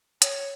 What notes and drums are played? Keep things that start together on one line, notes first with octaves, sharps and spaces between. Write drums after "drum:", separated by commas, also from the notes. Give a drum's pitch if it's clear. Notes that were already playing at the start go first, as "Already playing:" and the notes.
C#5, drum: hi-hat